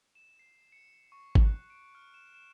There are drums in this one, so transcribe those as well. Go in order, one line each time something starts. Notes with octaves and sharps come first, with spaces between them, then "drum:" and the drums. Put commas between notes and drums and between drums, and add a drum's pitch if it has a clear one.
E7
C7
C#7
C#6
drum: kick G#1
F#6
D7
F6
E7
E7